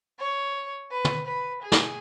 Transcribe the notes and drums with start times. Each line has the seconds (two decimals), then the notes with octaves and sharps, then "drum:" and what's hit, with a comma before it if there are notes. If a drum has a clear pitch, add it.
0.19 C#5
0.91 B4
1.05 drum: tom
1.27 B4
1.63 G#4
1.72 drum: snare